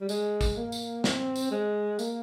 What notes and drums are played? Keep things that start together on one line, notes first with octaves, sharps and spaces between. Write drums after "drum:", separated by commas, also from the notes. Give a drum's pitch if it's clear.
G3
G#3, drum: tambourine
drum: kick, tambourine
A#3
drum: tambourine
C4, drum: snare
drum: tambourine
G#3
A#3, drum: tambourine